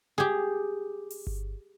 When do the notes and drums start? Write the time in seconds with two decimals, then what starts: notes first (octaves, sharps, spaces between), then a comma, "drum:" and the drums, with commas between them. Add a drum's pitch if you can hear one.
0.18 G4 G#4
1.10 drum: open hi-hat
1.27 drum: kick G1